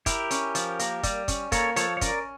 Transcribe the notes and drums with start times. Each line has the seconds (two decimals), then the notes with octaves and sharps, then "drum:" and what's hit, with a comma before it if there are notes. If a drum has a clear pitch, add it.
0.06 E4 G4 A#4, drum: kick, hi-hat
0.31 C#4, drum: hi-hat
0.55 F3, drum: hi-hat
0.79 A#3, drum: hi-hat
1.03 G3, drum: kick, hi-hat
1.28 C#4, drum: kick, hi-hat
1.52 A#3 A4 C#5, drum: kick, hi-hat
1.76 F3 A4 C#5, drum: hi-hat
1.97 C#5
2.01 C#4 A#4 D5, drum: kick, hi-hat